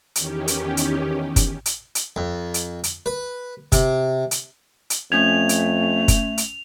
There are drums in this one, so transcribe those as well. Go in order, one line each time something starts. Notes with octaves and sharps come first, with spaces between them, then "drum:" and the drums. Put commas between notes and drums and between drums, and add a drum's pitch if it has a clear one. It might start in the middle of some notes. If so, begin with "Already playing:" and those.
E2 D#3 C#4 G4, drum: hi-hat
drum: hi-hat
drum: hi-hat
drum: kick F#1, hi-hat
drum: hi-hat
drum: hi-hat
F2
drum: hi-hat
drum: hi-hat
B4
C3, drum: kick F#1, hi-hat
drum: hi-hat
drum: hi-hat
F2 A3 C#4 G#6 F7
drum: hi-hat
drum: kick F#1, hi-hat
drum: hi-hat